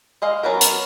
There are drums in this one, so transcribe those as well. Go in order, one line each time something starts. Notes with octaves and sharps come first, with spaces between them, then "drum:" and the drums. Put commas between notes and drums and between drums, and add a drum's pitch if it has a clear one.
G#3 D#5 F5
F#3 B3 C#4 A#4
drum: hi-hat